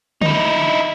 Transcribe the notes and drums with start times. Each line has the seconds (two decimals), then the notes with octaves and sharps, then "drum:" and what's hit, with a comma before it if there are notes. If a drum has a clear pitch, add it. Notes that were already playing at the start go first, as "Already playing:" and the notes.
0.21 D#4 E4, drum: tom D3